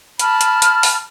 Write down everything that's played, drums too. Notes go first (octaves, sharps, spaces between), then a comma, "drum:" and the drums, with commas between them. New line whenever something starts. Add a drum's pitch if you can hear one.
A5 B5 F6, drum: hi-hat
drum: hi-hat
drum: hi-hat
drum: open hi-hat